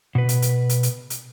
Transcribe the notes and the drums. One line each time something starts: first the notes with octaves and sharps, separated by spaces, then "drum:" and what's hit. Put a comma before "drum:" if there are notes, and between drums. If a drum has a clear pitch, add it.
B2 B4
drum: hi-hat
drum: hi-hat
drum: hi-hat
drum: hi-hat
drum: hi-hat